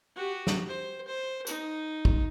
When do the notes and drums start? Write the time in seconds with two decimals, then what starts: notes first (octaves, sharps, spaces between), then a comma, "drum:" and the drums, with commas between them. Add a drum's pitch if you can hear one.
0.16 F#4 G4
0.47 drum: snare
0.68 C5
1.08 C5
1.47 D#4, drum: tambourine
2.05 drum: kick